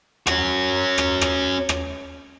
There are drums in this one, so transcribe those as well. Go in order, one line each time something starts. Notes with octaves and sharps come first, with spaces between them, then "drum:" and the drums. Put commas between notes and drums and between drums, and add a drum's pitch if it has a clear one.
C#4 F#4, drum: rim click
drum: rim click
drum: rim click
drum: rim click